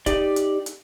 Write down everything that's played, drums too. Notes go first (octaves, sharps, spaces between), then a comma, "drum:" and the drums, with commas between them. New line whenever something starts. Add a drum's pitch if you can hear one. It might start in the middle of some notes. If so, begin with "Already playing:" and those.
D#4 G4 D5, drum: kick, hi-hat
drum: hi-hat
drum: hi-hat